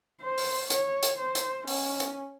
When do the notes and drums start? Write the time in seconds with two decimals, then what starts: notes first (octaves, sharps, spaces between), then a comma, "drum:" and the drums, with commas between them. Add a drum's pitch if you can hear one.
0.21 C5
0.38 drum: open hi-hat
0.70 C#5, drum: hi-hat
1.03 drum: hi-hat
1.18 C5
1.35 drum: hi-hat
1.67 C#4, drum: open hi-hat
2.00 drum: hi-hat